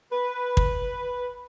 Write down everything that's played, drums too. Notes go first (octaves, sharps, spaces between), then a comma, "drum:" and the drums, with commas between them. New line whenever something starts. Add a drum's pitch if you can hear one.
B4
drum: kick